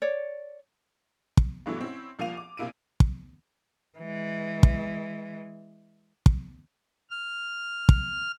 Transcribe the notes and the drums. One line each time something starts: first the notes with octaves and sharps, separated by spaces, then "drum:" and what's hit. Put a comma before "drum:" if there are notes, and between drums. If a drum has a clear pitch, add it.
C#5 D5
drum: kick
G2 B2 E3 F#3 A3 E4
C4 C#4 E4
C2 F3 A#3 F5 D#7 F7
D6
A#1 C3 A#3 E4 D7 D#7
drum: kick
E3 G#3
drum: kick
drum: kick
F6
drum: kick